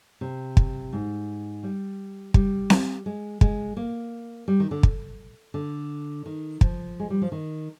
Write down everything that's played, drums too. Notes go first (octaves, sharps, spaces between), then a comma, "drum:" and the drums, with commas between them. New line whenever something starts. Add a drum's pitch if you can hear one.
C3
drum: kick
G#2
G3
G3, drum: kick
drum: snare C4
G#3
G#3, drum: kick
A#3
G3
D#3
D3
drum: kick
D3
D#3
F3, drum: kick
G#3
G3
F3
D#3